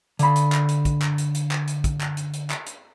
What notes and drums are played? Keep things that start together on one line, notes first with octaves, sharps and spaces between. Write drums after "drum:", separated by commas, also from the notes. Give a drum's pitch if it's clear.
D3 B5, drum: hi-hat
drum: hi-hat
drum: clap
drum: hi-hat
drum: kick, hi-hat
drum: clap
drum: hi-hat
drum: hi-hat
drum: clap
drum: hi-hat
drum: kick, hi-hat
drum: clap
drum: hi-hat
drum: hi-hat
drum: clap
drum: hi-hat